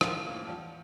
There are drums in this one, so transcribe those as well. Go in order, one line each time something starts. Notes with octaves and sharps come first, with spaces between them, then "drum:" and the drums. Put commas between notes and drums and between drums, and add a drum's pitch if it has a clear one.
A2 D#3 F3, drum: rim click
F3 A#3 C#4
E2 F3 G3